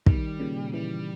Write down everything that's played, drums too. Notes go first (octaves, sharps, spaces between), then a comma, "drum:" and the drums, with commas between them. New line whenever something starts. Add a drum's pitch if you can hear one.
B2 D#3 G3, drum: kick
A#2 C#3
C#3 E3 G3